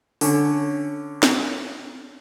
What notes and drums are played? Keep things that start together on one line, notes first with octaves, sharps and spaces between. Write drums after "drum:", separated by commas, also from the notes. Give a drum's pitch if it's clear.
D3 C#4, drum: open hi-hat
drum: snare